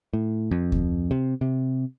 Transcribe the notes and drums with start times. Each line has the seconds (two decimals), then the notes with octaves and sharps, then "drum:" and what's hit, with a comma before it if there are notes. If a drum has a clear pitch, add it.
0.13 A2
0.51 F2
0.72 drum: kick D2
1.11 C3
1.41 C3